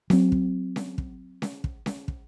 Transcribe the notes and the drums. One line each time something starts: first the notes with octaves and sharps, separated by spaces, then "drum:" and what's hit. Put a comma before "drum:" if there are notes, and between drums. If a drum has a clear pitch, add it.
F#3 C4, drum: snare C#4
drum: kick
drum: snare C#4
drum: kick
drum: snare C#4
drum: kick
drum: snare C#4
drum: kick